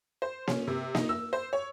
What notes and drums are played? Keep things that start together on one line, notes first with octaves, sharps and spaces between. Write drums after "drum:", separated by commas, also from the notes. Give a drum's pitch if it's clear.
C5
C#4, drum: snare A#3
C3
D#4, drum: snare A#3
E6
C5
C#5